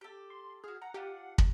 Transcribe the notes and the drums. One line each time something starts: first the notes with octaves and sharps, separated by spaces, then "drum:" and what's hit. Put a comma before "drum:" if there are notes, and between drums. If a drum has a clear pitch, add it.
G4 A4
C6
F#4 G#4 F6
F#5 A#5
D4 F4 G4
drum: kick